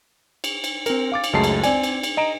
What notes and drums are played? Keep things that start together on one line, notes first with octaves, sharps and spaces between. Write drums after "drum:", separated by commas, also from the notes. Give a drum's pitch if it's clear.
drum: cymbal
drum: cymbal
C4 A#4, drum: cymbal
F5 D6 A6
drum: cymbal
C#2 F#2 G#3 A3 A5 C7
drum: cymbal
C4 D5 G#5, drum: cymbal
drum: cymbal
drum: cymbal
D#5 A#5 D7 E7